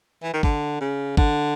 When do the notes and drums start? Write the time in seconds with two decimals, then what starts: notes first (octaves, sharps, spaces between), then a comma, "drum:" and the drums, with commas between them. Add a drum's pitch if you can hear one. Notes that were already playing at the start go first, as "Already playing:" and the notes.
0.23 E3
0.33 D#3
0.43 D3, drum: kick G#1
0.81 C#3
1.17 D3, drum: kick G#1